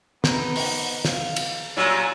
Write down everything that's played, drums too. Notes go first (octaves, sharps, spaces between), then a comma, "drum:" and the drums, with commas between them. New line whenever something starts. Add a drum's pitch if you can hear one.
B3 D#4, drum: snare
drum: open hi-hat
F5, drum: snare
drum: cymbal
A#2 F#3 G3 G#5